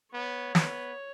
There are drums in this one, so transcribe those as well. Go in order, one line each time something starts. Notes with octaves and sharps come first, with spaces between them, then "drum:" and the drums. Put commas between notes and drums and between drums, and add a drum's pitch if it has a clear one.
B3 C#5
B3, drum: snare